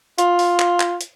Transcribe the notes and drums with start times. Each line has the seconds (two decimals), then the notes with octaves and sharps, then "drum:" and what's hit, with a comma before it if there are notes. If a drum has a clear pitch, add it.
0.18 F4, drum: hi-hat
0.39 drum: open hi-hat
0.59 drum: clap
0.80 drum: clap
1.01 drum: hi-hat